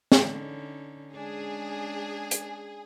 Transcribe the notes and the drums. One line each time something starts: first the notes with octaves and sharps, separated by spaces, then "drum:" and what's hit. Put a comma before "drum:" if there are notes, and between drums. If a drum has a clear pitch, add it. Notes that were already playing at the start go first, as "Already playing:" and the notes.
drum: snare
D3 C#4 D#4
G#3 C#4 D4 G#4
drum: hi-hat